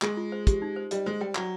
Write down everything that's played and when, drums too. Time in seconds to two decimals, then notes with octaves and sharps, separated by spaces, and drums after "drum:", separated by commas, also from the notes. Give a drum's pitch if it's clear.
0.02 G#3 G#4, drum: clap
0.17 F4
0.32 C5
0.47 G4, drum: kick, hi-hat
0.62 D#4
0.76 C5
0.91 G3 D#5, drum: hi-hat
1.06 G#3 C5
1.21 G3 G5
1.35 F#3 D5, drum: clap